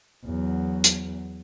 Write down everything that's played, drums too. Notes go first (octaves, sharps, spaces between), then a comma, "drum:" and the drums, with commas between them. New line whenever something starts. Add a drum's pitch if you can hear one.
E2 F#3
drum: hi-hat